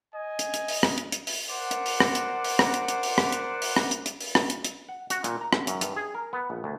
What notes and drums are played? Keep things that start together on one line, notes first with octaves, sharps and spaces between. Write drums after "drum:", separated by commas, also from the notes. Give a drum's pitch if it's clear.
D#5 G#5
drum: hi-hat
drum: hi-hat
drum: open hi-hat
drum: rim click
drum: hi-hat
drum: hi-hat
drum: open hi-hat
A#4 C5 D5 F#5
drum: hi-hat
drum: open hi-hat
drum: rim click
drum: hi-hat
drum: open hi-hat
drum: rim click
drum: hi-hat
drum: hi-hat
drum: open hi-hat
drum: rim click
drum: hi-hat
drum: open hi-hat
drum: rim click
drum: hi-hat
drum: hi-hat
drum: open hi-hat
drum: rim click
drum: hi-hat
drum: hi-hat
F#5
F#4, drum: hi-hat
A#2, drum: hi-hat
A#5
drum: rim click
F#2, drum: hi-hat
G2, drum: hi-hat
G#4
A#4
B3
A#1
D2